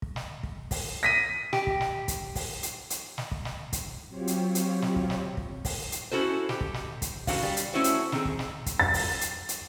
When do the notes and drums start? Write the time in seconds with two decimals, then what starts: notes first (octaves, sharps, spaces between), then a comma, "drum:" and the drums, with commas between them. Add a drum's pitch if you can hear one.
0.02 drum: kick
0.16 drum: snare
0.43 drum: kick
0.71 drum: kick, open hi-hat
1.03 A#6 B6 D#7
1.53 G4, drum: snare
1.67 drum: kick
1.81 drum: snare
2.08 drum: kick, hi-hat
2.35 drum: kick, open hi-hat
2.63 drum: hi-hat
2.90 drum: hi-hat
3.18 drum: snare
3.31 drum: kick
3.45 drum: snare
3.73 drum: kick, hi-hat
4.08 F#3 C4 F4 G4 C#5
4.27 drum: hi-hat
4.55 drum: hi-hat
4.82 drum: snare
4.96 drum: kick
5.10 drum: snare
5.37 drum: kick
5.65 drum: kick, open hi-hat
5.92 drum: hi-hat
6.11 C#4 E4 F#4 A4 C5
6.49 G4, drum: snare
6.61 drum: kick
6.74 drum: snare
7.02 drum: kick, hi-hat
7.27 C#3 E3 A3 D#4 F#4 F5, drum: kick, open hi-hat
7.43 G3
7.57 drum: hi-hat
7.73 A3 C#4 E4 F#4 C5 C#5
7.84 drum: hi-hat
8.12 D#3 C4 G#4, drum: snare
8.25 drum: kick
8.39 drum: snare
8.66 drum: kick, hi-hat
8.80 A6
8.94 drum: kick, open hi-hat
9.21 drum: hi-hat
9.49 drum: hi-hat